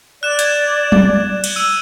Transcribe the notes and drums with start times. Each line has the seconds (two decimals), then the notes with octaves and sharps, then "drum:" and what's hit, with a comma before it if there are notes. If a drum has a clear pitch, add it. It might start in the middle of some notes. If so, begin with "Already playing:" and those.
0.23 D5 F#6 E7
0.39 G#6, drum: hi-hat
0.92 drum: tom F#3
1.44 drum: cymbal
1.56 E6 D#7